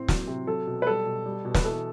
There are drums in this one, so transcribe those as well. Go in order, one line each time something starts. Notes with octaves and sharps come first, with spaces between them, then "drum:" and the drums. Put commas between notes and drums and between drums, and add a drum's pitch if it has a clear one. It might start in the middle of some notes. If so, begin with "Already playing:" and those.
Already playing: A2 C4
F#3, drum: snare
C3
F#3 A4
B2
B4
G3 A4
B2
G3
B2
B4, drum: snare
E3 A4